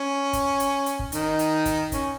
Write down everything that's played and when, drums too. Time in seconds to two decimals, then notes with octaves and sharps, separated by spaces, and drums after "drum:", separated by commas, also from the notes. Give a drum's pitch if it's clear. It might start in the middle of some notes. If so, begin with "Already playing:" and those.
Already playing: C#4
0.33 drum: kick, hi-hat
0.60 drum: hi-hat
0.86 drum: hi-hat
0.99 drum: kick
1.12 D#3 D#4, drum: hi-hat
1.39 drum: hi-hat
1.65 drum: kick, hi-hat
1.92 C#4, drum: kick, hi-hat